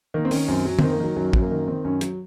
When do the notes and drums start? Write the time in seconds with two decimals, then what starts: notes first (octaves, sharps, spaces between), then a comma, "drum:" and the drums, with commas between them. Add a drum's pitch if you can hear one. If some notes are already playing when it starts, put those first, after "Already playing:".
0.14 D#3 A#3
0.25 C4
0.31 D#3 C#4, drum: open hi-hat
0.48 F#2 C4
0.65 F#2 F#3
0.79 D#3 C4, drum: tom
0.91 A#3
1.00 D#3 F#3
1.16 F#2 F#3
1.33 F#2, drum: kick
1.42 A#3
1.51 D#3
1.67 D#3 C4
1.84 F#2 C#4
2.01 F#3, drum: hi-hat